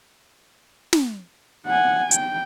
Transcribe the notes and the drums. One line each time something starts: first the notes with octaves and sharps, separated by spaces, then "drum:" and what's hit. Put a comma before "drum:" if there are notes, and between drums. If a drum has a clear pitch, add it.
drum: snare
F#5 G#5
G5, drum: hi-hat